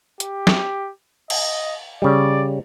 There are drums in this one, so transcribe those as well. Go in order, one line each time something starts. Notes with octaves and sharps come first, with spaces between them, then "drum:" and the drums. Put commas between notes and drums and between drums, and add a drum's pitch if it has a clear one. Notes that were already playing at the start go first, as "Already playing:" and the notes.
G4, drum: hi-hat
drum: snare
D#5, drum: cymbal
C#3 G3 D5